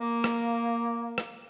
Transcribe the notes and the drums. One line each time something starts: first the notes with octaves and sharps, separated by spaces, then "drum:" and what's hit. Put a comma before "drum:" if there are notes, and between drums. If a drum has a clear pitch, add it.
A#3
drum: rim click
drum: rim click